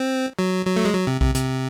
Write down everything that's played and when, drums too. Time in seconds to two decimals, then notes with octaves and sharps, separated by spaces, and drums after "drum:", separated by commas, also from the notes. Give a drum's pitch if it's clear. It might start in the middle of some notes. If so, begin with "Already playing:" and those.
Already playing: C4
0.39 F#3
0.66 F#3
0.77 A3
0.85 G#3
0.93 F#3
1.07 C3
1.21 C3, drum: kick B1
1.35 C3, drum: hi-hat